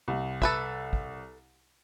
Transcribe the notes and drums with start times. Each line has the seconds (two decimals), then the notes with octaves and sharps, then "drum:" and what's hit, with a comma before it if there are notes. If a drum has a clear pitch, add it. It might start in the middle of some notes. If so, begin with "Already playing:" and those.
0.08 C2
0.42 A4 B4 E5, drum: kick
0.93 drum: kick